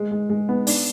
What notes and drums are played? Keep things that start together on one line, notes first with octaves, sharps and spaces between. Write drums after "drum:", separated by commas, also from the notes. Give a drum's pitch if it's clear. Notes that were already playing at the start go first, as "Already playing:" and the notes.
Already playing: G#3
G#3
G#3
B3
D4, drum: open hi-hat